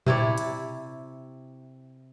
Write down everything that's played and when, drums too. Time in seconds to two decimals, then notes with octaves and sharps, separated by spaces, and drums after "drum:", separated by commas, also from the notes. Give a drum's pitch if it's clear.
0.06 C3 E4 C#5 D5, drum: tom A2
0.38 drum: hi-hat